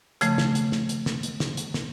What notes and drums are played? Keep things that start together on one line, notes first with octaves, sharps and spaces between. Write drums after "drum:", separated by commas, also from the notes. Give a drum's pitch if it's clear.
C#3 F3 A3, drum: hi-hat
drum: snare
drum: hi-hat
drum: snare
drum: hi-hat
drum: snare
drum: hi-hat
drum: snare
drum: hi-hat
drum: snare